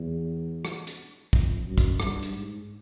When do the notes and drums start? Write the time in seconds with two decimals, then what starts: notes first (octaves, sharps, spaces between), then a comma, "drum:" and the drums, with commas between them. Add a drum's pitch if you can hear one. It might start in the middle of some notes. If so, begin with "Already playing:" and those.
Already playing: E2
0.65 drum: rim click
0.87 drum: hi-hat
1.33 F2, drum: kick
1.66 F#2
1.78 drum: kick, hi-hat
2.00 G2, drum: rim click
2.23 drum: hi-hat
2.34 G#2